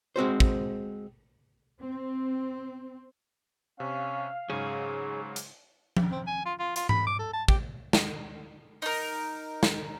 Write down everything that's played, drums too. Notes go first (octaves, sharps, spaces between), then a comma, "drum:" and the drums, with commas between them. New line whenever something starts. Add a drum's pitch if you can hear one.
G#3 C4 F#4 C5
drum: kick
C4
C3 C#4 F5
G#2 C#3 F#3 G#4 C#5
drum: hi-hat
drum: tom F3
C4
G#5
F4
F4
F4, drum: hi-hat
B5, drum: tom G#2
D6
A4
A5
G4, drum: kick
drum: snare
D#4 A#4, drum: open hi-hat
drum: snare